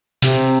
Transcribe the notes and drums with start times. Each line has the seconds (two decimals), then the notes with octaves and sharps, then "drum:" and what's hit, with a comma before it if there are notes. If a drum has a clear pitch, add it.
0.22 C3, drum: hi-hat